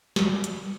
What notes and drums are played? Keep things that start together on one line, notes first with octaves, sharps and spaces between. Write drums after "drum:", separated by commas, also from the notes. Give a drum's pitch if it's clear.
G3, drum: snare
drum: hi-hat